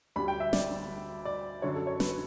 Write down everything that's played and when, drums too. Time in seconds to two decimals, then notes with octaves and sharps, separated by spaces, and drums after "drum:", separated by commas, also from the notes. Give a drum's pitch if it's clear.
0.16 D2 D3 G3 D4 B5
0.28 G5
0.40 E5
0.53 D5, drum: snare
1.25 D5
1.62 F#2 D3 F#3 C#4 C#5
1.75 A4
1.87 C#5
2.00 B4, drum: snare